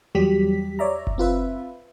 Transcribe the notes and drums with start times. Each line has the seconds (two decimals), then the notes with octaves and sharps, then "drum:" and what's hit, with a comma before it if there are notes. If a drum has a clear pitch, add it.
0.15 E2 F#3 G3 G4 B6
0.79 C#5 D5 E5 A#5
1.07 drum: kick F#1
1.18 C4 F4 B4 E5